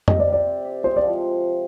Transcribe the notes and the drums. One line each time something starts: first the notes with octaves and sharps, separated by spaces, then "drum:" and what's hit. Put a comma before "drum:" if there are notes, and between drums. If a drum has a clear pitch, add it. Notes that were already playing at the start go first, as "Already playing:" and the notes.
C3 D#5, drum: tom F2
D5
C3
D5
C3
G4
G#3 C5
D5
F3